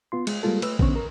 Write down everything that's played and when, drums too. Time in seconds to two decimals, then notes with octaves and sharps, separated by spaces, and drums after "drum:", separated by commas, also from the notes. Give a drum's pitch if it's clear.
0.12 B3 F4 C6
0.27 G#3, drum: cymbal
0.43 G3 G#3 A#3 F4 A4
0.62 A3 B4 E6, drum: cymbal
0.79 C2 D3 B3 C#4 C5 C#6, drum: kick
0.96 A#4